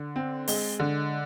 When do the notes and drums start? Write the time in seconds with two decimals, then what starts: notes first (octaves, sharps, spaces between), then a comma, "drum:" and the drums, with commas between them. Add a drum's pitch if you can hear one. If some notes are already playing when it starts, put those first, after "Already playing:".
Already playing: D3
0.16 C4
0.48 G#3, drum: open hi-hat
0.80 D3